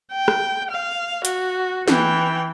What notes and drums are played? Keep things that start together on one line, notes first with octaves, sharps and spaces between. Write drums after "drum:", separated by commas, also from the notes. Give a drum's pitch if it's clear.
G5
drum: rim click
F5
F#4, drum: hi-hat
E3 G5, drum: snare